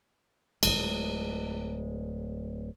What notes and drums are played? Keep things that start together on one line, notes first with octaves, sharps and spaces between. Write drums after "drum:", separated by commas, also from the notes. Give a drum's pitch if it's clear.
D1 C#2 G#3, drum: cymbal